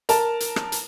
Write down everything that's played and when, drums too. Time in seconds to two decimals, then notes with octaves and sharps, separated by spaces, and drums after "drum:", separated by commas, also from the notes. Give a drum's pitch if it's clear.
0.09 A#4 A5, drum: hi-hat
0.40 drum: hi-hat
0.56 drum: rim click
0.72 drum: hi-hat